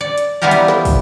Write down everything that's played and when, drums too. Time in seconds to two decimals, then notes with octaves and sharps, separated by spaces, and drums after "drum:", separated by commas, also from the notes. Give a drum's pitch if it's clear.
0.01 D5
0.18 drum: hi-hat
0.42 E3 G3 B3 F4 G4 A#4
0.51 drum: hi-hat
0.68 drum: snare
0.85 drum: kick, open hi-hat